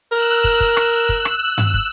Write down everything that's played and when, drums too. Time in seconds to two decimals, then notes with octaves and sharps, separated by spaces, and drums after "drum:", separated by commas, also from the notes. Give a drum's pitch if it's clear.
0.12 A#4 E6 F#6
0.44 drum: kick
0.60 drum: kick
0.77 drum: rim click
1.09 drum: kick
1.25 drum: rim click
1.58 drum: tom G2
1.74 drum: kick